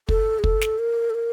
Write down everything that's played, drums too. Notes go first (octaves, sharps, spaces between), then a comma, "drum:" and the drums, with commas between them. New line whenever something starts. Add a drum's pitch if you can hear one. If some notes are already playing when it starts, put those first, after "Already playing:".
A4, drum: kick
G#4
A4, drum: kick
drum: snare
A#4
A4
A#4